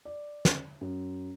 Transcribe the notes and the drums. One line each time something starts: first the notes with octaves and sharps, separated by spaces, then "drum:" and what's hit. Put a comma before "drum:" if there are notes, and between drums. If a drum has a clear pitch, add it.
D5
drum: snare
F#2